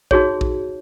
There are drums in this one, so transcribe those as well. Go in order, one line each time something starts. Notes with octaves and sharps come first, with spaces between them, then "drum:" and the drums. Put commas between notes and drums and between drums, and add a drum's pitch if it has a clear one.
D#4 F#4 G#4 C#5, drum: kick A#1
drum: kick A#1